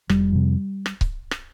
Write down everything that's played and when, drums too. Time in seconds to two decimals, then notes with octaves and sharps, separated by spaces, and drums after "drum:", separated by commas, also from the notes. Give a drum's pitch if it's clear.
0.09 F1 G3, drum: rim click
0.32 F2 C3
0.86 drum: rim click
1.01 drum: kick C#1
1.31 drum: rim click